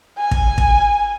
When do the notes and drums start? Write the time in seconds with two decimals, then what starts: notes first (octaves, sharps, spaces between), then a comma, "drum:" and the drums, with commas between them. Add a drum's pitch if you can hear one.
0.18 G#5
0.31 drum: kick
0.58 drum: kick